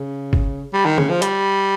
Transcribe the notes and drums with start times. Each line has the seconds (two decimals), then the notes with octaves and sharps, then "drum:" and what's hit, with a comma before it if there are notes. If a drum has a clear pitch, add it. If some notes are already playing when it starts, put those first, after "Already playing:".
Already playing: C#3
0.33 drum: kick G1
0.73 G3
0.85 D#3
0.98 C#3, drum: tom D3
1.09 F3
1.22 G3, drum: hi-hat